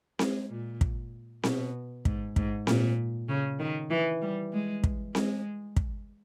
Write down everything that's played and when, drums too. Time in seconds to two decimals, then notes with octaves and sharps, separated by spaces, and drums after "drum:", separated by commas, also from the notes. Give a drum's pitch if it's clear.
0.19 G#3, drum: snare C4
0.50 A#2
0.81 drum: kick
1.43 B2, drum: snare C4
2.05 G#2, drum: kick
2.36 G#2, drum: kick
2.67 A#2, drum: snare C4
3.29 C#3
3.59 D#3
3.90 E3
4.22 G3
4.53 G#3
4.84 drum: kick
5.15 G#3, drum: snare C4
5.77 drum: kick